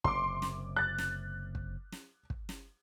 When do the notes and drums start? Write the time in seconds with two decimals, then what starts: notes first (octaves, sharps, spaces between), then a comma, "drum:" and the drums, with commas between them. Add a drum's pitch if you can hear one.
0.04 F#1 C3 C6 D6, drum: kick
0.42 drum: snare
0.76 F#6 A6
0.98 drum: snare
1.55 drum: kick
1.92 drum: snare
2.30 drum: kick
2.49 drum: snare